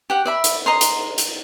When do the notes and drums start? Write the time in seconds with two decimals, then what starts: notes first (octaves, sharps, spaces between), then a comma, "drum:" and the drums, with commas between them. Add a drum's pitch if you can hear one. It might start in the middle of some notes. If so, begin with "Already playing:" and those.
0.10 G4 F#5
0.26 D5 E5 B5
0.44 drum: hi-hat
0.66 D#5 A#5 C6
0.81 drum: hi-hat
1.18 drum: hi-hat